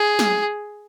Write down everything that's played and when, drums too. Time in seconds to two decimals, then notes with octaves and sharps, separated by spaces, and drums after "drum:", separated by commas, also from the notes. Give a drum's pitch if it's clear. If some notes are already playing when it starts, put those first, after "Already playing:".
Already playing: G#4
0.19 drum: snare